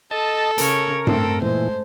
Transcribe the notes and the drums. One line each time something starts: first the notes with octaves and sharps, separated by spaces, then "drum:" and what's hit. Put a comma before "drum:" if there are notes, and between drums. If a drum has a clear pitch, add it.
A4 D#5 A5
C#3 A#4 C#5, drum: hi-hat
A2 C4 A4, drum: tom G2
A#2 E3 G#3 C5